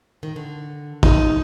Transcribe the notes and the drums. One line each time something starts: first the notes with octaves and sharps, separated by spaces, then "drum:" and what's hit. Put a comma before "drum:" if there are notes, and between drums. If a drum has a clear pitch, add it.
D#3
D3
D#4, drum: kick